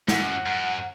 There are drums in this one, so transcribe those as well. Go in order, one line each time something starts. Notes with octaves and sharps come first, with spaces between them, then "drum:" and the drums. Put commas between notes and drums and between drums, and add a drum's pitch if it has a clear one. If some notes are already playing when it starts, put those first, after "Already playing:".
G#2 F#5, drum: snare
F#2
F#2